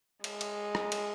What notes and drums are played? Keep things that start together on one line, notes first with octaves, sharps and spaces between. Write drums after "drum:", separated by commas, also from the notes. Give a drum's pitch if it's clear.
G#3, drum: cymbal
drum: cymbal
drum: rim click
drum: cymbal